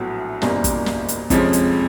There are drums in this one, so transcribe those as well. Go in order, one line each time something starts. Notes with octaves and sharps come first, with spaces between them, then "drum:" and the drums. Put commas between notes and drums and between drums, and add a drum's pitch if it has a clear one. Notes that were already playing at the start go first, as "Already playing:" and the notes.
Already playing: A#1 A2 F#3 B3
F#1 E2 B2 G3 A#3, drum: snare
drum: kick, hi-hat
drum: snare
drum: hi-hat
F2 C3 F3 G#3 C#4, drum: kick, hi-hat
drum: hi-hat